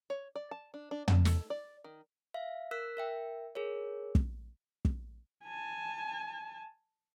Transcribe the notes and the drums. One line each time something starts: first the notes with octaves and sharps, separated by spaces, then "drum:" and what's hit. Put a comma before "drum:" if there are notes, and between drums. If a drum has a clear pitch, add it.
C#5
D5
A5
D4
D4
A5, drum: tom
A4, drum: snare
D5
D#3
E5 F5
A#4 E6 F#6 B6
A#4 E5 G5
G#4 A#4 C#5
drum: kick
drum: kick
G#5 A5